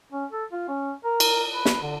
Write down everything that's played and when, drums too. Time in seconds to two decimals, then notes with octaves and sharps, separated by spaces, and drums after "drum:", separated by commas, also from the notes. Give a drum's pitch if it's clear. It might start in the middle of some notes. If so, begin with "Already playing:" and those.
0.12 C#4
0.32 A4
0.52 F4
0.68 C#4
1.04 A#4
1.20 drum: cymbal
1.53 B4
1.65 drum: snare
1.82 D3